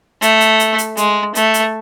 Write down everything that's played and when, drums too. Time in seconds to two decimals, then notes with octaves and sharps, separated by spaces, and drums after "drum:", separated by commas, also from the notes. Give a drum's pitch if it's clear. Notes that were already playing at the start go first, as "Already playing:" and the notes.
0.22 A3, drum: hi-hat
0.41 drum: hi-hat
0.59 drum: hi-hat
0.78 drum: hi-hat
0.97 G#3, drum: hi-hat
1.35 A3, drum: hi-hat
1.54 drum: hi-hat